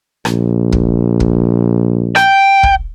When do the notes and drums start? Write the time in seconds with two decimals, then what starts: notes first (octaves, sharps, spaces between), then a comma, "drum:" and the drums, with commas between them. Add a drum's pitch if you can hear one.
0.25 A#1, drum: rim click
0.73 drum: kick
1.20 drum: kick
2.16 G5, drum: rim click
2.63 drum: kick